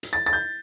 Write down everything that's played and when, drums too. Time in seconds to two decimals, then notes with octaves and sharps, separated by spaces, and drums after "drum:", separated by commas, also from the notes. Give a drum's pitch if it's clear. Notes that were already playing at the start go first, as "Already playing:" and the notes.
0.03 drum: hi-hat
0.13 A6
0.26 A6
0.33 G6